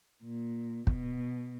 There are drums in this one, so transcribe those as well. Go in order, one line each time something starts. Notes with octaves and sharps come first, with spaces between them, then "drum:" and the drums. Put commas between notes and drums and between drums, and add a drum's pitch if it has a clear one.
A#2
B2, drum: kick